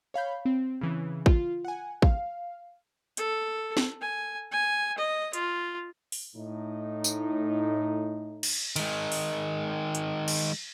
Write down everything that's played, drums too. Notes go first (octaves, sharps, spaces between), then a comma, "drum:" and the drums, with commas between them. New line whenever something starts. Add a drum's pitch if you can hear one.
C#5 F5 B5 G6
C4
C#3 E3
F4, drum: kick
F#5 G#5
F5, drum: kick
A4, drum: hi-hat
drum: snare
G#5
G#5
D#5
F4, drum: hi-hat
drum: open hi-hat
A2 D#4
drum: tambourine
drum: cymbal
D#3 G#3, drum: cymbal
drum: open hi-hat
drum: hi-hat
drum: cymbal